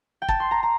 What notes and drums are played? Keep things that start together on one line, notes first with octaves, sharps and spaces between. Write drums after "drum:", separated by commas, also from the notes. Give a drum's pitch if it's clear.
G5
A5, drum: kick
C6
A#5
A#5